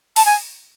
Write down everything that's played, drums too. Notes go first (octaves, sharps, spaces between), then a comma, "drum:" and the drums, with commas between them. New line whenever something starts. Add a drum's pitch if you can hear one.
A5, drum: open hi-hat
G#5